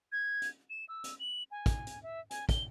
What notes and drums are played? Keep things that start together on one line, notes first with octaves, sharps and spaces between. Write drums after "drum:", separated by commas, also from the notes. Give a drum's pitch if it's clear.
G#6
drum: hi-hat
E7
E6
drum: hi-hat
F#7
G#5
drum: kick, hi-hat
drum: hi-hat
E5
G#5, drum: hi-hat
G7, drum: kick, hi-hat